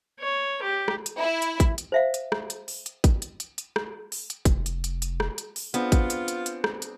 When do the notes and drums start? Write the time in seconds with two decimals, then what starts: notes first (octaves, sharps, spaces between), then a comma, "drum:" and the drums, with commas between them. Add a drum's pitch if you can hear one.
0.20 C#5
0.62 G4
0.88 drum: rim click
1.06 drum: hi-hat
1.20 E4
1.42 drum: hi-hat
1.60 drum: kick, hi-hat
1.78 drum: hi-hat
1.92 C5 E5 F5
2.14 drum: hi-hat
2.32 drum: rim click
2.50 drum: hi-hat
2.68 drum: open hi-hat
2.86 drum: hi-hat
3.04 drum: kick, hi-hat
3.22 drum: hi-hat
3.40 drum: hi-hat
3.58 drum: hi-hat
3.76 drum: rim click
4.12 drum: open hi-hat
4.30 drum: hi-hat
4.45 F1, drum: kick, hi-hat
4.66 drum: hi-hat
4.84 drum: hi-hat
5.02 drum: hi-hat
5.20 drum: rim click
5.38 drum: hi-hat
5.56 drum: open hi-hat
5.74 B3 C4 D4 F4 G#4, drum: hi-hat
5.92 drum: kick, hi-hat
6.10 drum: hi-hat
6.28 drum: hi-hat
6.46 drum: hi-hat
6.64 drum: rim click
6.82 drum: hi-hat